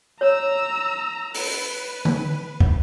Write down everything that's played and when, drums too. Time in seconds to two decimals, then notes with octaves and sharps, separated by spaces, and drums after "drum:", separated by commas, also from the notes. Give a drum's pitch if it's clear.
0.21 C#5 A#5 E6
1.34 B4, drum: open hi-hat
2.05 drum: tom D3
2.60 drum: kick